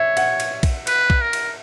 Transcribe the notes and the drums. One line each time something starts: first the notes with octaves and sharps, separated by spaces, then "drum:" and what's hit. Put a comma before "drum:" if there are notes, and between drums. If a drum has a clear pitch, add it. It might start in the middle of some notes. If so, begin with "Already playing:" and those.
Already playing: C#5 E5
F#5, drum: cymbal
drum: cymbal
drum: kick B1, cymbal
B4, drum: cymbal
drum: kick B1
A#4
drum: cymbal